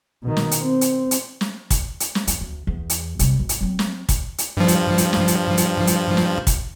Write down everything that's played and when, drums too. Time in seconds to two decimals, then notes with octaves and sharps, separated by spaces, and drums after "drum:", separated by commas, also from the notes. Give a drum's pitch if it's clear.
0.23 B2 D#3
0.37 drum: snare
0.51 drum: hi-hat
0.61 C4
0.81 drum: hi-hat
1.11 drum: hi-hat
1.41 drum: snare
1.71 drum: kick, hi-hat
2.00 drum: hi-hat
2.15 drum: snare
2.27 F2, drum: hi-hat
2.41 D2
2.67 E2
2.90 drum: hi-hat
3.19 C3 G3, drum: hi-hat
3.39 G#1
3.49 drum: hi-hat
3.61 F#3 C4
3.79 drum: snare
4.09 drum: kick, hi-hat
4.38 drum: hi-hat
4.57 G2 F3
4.68 drum: hi-hat
4.98 drum: hi-hat
5.13 drum: snare
5.28 drum: hi-hat
5.57 drum: hi-hat
5.87 drum: hi-hat
6.17 drum: snare
6.47 drum: kick, hi-hat